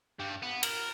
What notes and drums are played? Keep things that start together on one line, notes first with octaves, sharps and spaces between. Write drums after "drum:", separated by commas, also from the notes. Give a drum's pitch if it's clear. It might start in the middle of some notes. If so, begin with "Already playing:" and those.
G2 G3
B3
A#4, drum: cymbal